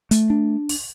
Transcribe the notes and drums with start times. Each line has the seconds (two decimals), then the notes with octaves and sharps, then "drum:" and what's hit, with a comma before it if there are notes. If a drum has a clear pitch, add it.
0.11 A3, drum: hi-hat
0.30 D4
0.69 drum: open hi-hat